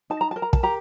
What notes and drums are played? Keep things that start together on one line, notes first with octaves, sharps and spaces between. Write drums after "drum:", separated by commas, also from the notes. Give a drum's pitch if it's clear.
D#4 A5
A#5
A#4 A5
A#5
A5, drum: kick
G4 A#5